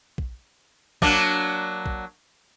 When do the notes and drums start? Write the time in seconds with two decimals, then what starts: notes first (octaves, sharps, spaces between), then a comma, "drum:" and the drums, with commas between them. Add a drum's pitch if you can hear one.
0.18 drum: kick
1.02 F#3 A#3 D4, drum: kick
1.86 drum: kick